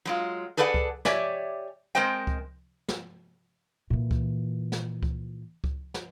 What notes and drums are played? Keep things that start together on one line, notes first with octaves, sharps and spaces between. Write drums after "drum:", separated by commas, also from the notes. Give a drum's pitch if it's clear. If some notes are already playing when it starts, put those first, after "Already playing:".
F#3 G#3 F4
G#4 A4 B4 D5 E5 F#5
drum: kick C#2
G4 C#5 D5 E5 G#5, drum: snare
G#3 C4 A#4 C5 D#5 G5
drum: kick C#2
drum: snare
A#2 E3
drum: kick C#2
drum: snare
drum: kick C#2
drum: kick C#2
drum: snare